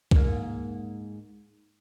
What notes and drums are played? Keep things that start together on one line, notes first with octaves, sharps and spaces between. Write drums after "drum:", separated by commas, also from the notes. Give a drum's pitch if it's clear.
G#2 A#3, drum: kick